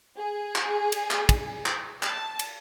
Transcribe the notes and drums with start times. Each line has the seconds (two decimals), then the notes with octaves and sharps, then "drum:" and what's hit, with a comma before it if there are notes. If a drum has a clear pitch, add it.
0.17 G#4
0.55 drum: clap
0.92 drum: cymbal
1.11 drum: clap
1.29 drum: kick, cymbal
1.66 drum: clap
2.03 A5, drum: clap
2.39 drum: cymbal